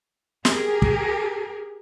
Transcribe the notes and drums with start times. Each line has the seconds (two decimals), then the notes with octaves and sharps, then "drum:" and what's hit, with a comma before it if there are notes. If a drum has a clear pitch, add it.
0.45 G4 G#4 A#4, drum: snare
0.82 drum: kick